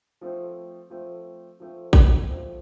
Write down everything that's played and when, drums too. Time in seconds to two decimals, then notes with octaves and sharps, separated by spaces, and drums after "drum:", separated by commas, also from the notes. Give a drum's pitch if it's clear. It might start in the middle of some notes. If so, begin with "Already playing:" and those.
0.21 F3 A3 C4
0.90 F3 A3 C4
1.60 F3 A3 C4
1.93 drum: kick
2.29 F3 A3 C4